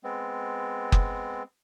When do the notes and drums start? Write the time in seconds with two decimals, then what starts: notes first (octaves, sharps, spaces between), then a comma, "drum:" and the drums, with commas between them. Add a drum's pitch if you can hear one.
0.04 G#3 B3 C4
0.92 drum: kick F#1